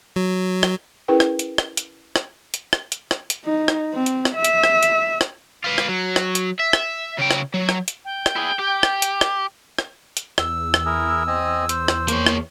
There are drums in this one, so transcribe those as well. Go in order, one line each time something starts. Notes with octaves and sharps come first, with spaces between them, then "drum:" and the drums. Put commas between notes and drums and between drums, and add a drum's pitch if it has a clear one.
F#3
drum: rim click
C#4 E4 G#4 A#4 B4 G5
drum: rim click
drum: hi-hat
drum: rim click
drum: hi-hat
drum: rim click
drum: hi-hat
drum: rim click
drum: hi-hat
drum: rim click
drum: hi-hat
D#4
drum: rim click
C4
drum: hi-hat
drum: rim click
E5
drum: hi-hat
drum: rim click
drum: hi-hat
drum: rim click
F4 B4
drum: rim click
F#3
drum: rim click
drum: hi-hat
E5
drum: rim click
C#3 G5
drum: rim click
F#3
drum: rim click
drum: hi-hat
G5
drum: rim click
E4 G#4
G4
drum: rim click
drum: hi-hat
drum: rim click
drum: rim click
drum: hi-hat
E2 E6, drum: rim click
drum: rim click
E4 G#4 A#4
C4 D#5 G#5
C5, drum: hi-hat
drum: rim click
A#3 C#5, drum: hi-hat
drum: rim click